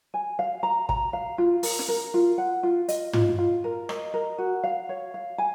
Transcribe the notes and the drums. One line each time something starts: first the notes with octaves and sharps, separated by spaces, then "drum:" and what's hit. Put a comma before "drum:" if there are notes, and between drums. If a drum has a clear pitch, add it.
G#5
F5
A#5
A#5, drum: kick
F5
F4
A#4, drum: open hi-hat
drum: snare
A#4
F4
F#5
F4
D#5, drum: hi-hat
F4, drum: tom
F4
A#4
D#5, drum: rim click
A#4
F#4
F5
C#5
F5
G#5